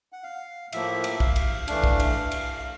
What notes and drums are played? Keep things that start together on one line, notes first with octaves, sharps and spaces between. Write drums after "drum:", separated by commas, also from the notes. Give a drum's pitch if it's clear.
F#5
F5
A2 F3 A#3 E5, drum: cymbal
drum: cymbal
F5, drum: kick
drum: cymbal
E3 A3 D4, drum: cymbal
drum: kick
drum: cymbal
drum: cymbal
F5